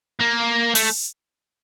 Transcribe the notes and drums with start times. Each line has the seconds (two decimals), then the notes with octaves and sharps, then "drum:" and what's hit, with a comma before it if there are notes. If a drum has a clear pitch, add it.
0.20 A#3
0.75 A3, drum: open hi-hat